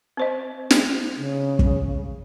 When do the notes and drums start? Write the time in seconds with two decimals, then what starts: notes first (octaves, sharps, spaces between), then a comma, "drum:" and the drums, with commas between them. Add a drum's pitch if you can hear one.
0.17 C4 C5 D#5
0.71 drum: snare
1.17 C#3
1.59 drum: kick